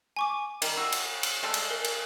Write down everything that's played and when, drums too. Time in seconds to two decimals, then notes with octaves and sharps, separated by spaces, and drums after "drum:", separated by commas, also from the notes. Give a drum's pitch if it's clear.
0.16 G#5 C#6 D6
0.62 D#3 G3, drum: cymbal
0.77 F#4 E6
0.92 drum: cymbal
1.23 drum: cymbal
1.43 G3 G#3 A4
1.54 drum: cymbal
1.70 A#4
1.84 drum: cymbal